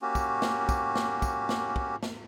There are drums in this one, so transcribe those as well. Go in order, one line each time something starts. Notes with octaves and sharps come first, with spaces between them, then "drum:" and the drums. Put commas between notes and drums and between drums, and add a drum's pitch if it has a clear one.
A#3 C#4 F#4 G4
drum: kick, tambourine
drum: snare
drum: kick, tambourine
drum: snare
drum: kick, tambourine
drum: snare
drum: kick
drum: snare